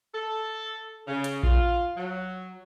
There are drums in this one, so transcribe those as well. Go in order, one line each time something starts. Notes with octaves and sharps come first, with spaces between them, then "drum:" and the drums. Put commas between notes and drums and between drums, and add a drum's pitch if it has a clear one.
A4
C#3
drum: hi-hat
F4, drum: kick A#1
F#3